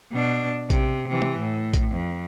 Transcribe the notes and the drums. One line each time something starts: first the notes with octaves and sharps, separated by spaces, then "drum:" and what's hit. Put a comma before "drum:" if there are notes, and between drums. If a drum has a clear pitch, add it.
B2 D4
C3, drum: kick A#1, hi-hat
C3 E3
drum: tom
A2
drum: kick A#1, hi-hat
F2